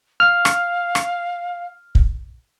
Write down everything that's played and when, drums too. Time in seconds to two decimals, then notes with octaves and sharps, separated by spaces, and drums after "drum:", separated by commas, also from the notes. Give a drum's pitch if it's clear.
0.20 F5 F6
0.45 drum: rim click
0.95 drum: rim click
1.95 drum: kick